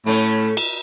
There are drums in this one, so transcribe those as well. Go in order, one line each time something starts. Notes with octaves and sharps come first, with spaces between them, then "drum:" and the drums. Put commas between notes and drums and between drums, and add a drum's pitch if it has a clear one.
A2 A3 C#4
drum: cymbal